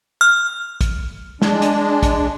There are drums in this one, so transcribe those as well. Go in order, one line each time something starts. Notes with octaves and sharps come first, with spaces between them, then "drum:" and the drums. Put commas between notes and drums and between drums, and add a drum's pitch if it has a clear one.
F6
drum: kick, hi-hat
G#3 D4, drum: snare
drum: hi-hat
drum: kick, hi-hat